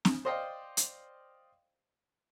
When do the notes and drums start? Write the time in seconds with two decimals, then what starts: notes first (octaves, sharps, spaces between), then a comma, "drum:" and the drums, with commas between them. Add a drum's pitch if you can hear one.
0.05 drum: snare
0.25 C5 D5 D#5 F5 G5
0.77 drum: hi-hat